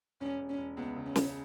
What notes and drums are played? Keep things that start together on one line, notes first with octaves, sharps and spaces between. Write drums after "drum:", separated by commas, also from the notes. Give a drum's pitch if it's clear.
E1 C#4
E1
C#4
E1
C#2 B3
C#3
C#4
C#3, drum: snare